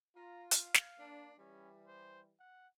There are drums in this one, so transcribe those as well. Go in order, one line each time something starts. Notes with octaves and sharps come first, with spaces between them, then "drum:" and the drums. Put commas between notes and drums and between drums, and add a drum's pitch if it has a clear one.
F4 A#5
F5, drum: hi-hat
drum: snare
A#3 D4
E3 G3 C#4
C5
F#5